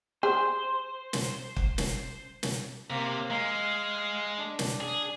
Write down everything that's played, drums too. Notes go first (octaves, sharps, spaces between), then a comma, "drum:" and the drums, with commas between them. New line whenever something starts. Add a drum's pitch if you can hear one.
G#4 C5
drum: snare
drum: kick
drum: snare
drum: snare
C3 A#3
G#3 F5
D4
drum: snare
G#4